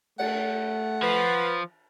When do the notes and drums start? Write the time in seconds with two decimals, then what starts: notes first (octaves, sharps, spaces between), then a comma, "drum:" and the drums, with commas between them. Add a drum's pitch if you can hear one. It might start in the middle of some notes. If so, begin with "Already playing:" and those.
0.19 A3 F#5, drum: cymbal
1.03 F3 B4